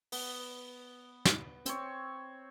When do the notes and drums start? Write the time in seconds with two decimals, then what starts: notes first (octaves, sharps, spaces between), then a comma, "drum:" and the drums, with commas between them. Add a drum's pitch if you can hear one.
0.12 B3, drum: open hi-hat
1.25 drum: snare
1.66 C4 C#5, drum: hi-hat